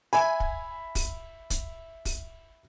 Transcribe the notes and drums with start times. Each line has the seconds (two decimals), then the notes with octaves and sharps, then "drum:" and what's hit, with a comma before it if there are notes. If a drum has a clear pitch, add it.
0.13 E5 G#5 B5
0.40 drum: kick
0.95 drum: kick, open hi-hat
1.50 drum: kick, hi-hat
2.05 drum: kick, open hi-hat